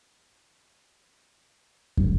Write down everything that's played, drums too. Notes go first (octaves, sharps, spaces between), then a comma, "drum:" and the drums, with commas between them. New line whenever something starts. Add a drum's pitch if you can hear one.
B4 D#5 F5 G6
drum: kick